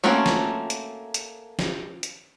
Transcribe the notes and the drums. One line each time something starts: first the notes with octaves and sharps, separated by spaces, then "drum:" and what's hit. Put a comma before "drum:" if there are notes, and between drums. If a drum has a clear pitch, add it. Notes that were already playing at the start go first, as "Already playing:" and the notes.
A3 A#3 C4 C#4 F#4
drum: snare
drum: hi-hat
drum: hi-hat
drum: snare
drum: hi-hat